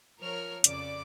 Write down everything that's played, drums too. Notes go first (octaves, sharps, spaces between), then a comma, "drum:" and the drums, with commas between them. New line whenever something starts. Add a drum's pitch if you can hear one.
F3 A#4 C#5 F6
F2 C#3 D5 D6, drum: hi-hat